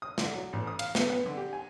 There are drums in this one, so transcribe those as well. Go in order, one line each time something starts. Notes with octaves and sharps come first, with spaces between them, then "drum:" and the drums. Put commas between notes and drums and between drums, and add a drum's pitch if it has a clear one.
D#6
D3, drum: snare
F#3
A1
D#6
F5, drum: cymbal
B3, drum: snare
B3
D3
G4
G#5